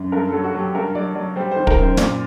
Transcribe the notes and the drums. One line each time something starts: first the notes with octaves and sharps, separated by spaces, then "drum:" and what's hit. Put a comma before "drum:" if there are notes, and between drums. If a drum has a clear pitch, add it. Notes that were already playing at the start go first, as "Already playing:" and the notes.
Already playing: F#2
G2 A#4
A4
F#3
F#4
F#3 G4
G2 A#4
F#3 D5
F#3 D5
G3 C5
C5
D#3
A#4, drum: kick
F#2
C5
A#2 D5, drum: snare